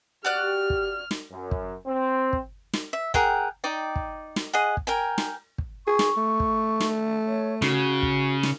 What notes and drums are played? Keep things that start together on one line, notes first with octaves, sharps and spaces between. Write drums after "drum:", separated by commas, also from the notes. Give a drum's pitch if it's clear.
F#4 G4 D5 F6 F#6
drum: kick
drum: snare
F#2
drum: kick
C4
drum: kick
drum: snare
E5
G#4 A#4 F#5 G5, drum: kick
D#4 D5 G5
drum: kick
drum: snare
G#4 D#5 F#5
drum: kick
A#4 G5 G#5
drum: snare
drum: kick
G#4 C#6
drum: snare
A3
drum: kick
drum: snare
C#5
C#3 F#4, drum: snare
drum: kick
drum: snare